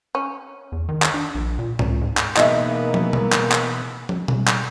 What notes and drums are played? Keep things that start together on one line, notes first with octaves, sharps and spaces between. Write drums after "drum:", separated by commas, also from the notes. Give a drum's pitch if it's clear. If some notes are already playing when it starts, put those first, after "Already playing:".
C#4
E2
D#3
drum: clap
D4
A#1
A#2
C#2, drum: tom A2
G#2
drum: clap
B2 E3 A#3 B3 D#4 G#4 D#5 E5, drum: clap
drum: tom
drum: tom
drum: clap
drum: clap
drum: tom
drum: tom
drum: clap